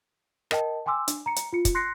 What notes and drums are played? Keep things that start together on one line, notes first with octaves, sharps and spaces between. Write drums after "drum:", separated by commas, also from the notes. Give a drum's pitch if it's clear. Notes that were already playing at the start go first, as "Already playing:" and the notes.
A#4 D#5 G5 A5, drum: rim click
G5 G#5 C6 D6 E6
D4, drum: hi-hat
A#5 C#7
drum: hi-hat
F4 C#7
drum: kick, hi-hat
C6 F#6 A#6 C7 C#7